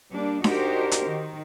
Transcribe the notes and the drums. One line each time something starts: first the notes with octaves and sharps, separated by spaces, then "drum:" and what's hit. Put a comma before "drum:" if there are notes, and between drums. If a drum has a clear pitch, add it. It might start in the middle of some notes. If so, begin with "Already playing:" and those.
G3 A#3 D4
D4 D#4 F#4 G4 A#4 C5, drum: snare D4
drum: hi-hat
D#3